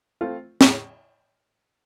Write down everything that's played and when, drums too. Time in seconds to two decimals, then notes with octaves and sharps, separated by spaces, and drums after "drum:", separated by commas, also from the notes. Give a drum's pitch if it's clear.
0.21 A3 C4 F4
0.61 A2, drum: snare